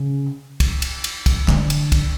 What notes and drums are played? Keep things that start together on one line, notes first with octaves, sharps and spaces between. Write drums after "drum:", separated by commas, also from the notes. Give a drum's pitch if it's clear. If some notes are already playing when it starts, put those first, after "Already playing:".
Already playing: C#3
drum: kick, cymbal
drum: cymbal
drum: cymbal
drum: kick, cymbal
D3, drum: clap
drum: cymbal
drum: kick, cymbal